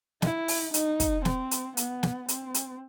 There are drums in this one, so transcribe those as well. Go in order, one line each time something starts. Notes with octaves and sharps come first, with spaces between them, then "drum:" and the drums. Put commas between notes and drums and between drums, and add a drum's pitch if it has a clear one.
E4, drum: snare
drum: open hi-hat
D#4, drum: hi-hat
drum: kick, hi-hat
C4, drum: snare
drum: hi-hat
B3, drum: hi-hat
drum: snare
C4, drum: hi-hat
drum: hi-hat